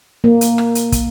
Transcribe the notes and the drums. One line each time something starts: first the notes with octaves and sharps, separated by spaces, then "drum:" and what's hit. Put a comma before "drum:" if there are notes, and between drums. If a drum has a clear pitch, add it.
A#3
drum: hi-hat
drum: rim click
drum: hi-hat
drum: kick, hi-hat